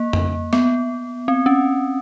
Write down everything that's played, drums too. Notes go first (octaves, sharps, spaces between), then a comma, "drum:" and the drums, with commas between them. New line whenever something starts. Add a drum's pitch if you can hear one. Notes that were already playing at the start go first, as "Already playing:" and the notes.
Already playing: A#3
drum: tom F2
B3, drum: snare
C4
C#4